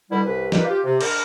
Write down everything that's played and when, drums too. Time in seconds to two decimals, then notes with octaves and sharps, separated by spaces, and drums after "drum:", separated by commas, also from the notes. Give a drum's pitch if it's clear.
0.10 B2 D3 G3 E4
0.25 C2 B4
0.52 A#3 D4 D#4 F4 G4 B4, drum: snare
0.65 F4 G4
0.84 C3
1.01 D4 A#4, drum: cymbal